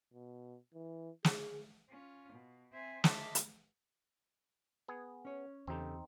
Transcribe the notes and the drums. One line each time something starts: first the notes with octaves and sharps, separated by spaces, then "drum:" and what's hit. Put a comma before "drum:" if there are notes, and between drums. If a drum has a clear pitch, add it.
B2
E3
G#4, drum: snare
C#4 F4
B2
C4 C5 E5 G#5
D#5 E5 A5 C6 D6 E6, drum: snare
drum: hi-hat
B3 G#4
C#4 C#5
E2 C#3 C4 D#4 G4 A4